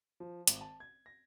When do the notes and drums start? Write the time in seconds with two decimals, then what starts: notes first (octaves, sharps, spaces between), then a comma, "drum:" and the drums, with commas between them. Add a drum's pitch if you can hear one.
0.20 F3
0.47 G#1, drum: hi-hat
0.61 A5
0.80 G#6
1.06 A#6